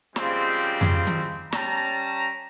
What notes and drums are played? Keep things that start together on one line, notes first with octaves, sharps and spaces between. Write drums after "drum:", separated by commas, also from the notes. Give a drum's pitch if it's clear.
C#3 F3 G3 G#3 C4, drum: snare
drum: tom F2
drum: tom D#3
G3 C#4 A5 A#5, drum: snare